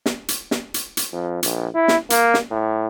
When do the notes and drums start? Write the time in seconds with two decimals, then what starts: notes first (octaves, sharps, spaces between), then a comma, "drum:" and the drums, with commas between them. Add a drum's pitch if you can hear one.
0.06 drum: snare
0.28 drum: hi-hat
0.51 drum: snare
0.74 drum: hi-hat
0.97 drum: hi-hat
1.12 F2
1.43 A#1, drum: hi-hat
1.74 E4
1.88 drum: snare
2.10 A#3, drum: hi-hat
2.34 drum: snare
2.51 A2